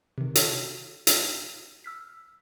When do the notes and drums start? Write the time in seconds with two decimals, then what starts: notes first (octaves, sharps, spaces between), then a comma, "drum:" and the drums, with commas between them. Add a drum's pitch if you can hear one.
0.18 C3 D#3
0.35 F#4 A4 C#5, drum: hi-hat
1.07 drum: hi-hat
1.84 E6 F6 B6